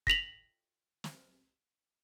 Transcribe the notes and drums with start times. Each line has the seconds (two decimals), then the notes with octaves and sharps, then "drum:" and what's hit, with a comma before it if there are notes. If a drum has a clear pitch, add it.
0.07 A#6 B6 F7 F#7, drum: kick
1.04 drum: snare